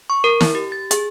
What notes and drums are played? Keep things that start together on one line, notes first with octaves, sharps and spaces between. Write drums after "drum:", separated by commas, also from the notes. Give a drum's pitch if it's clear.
C#6
A#4
drum: snare
G4
A6
G#4, drum: hi-hat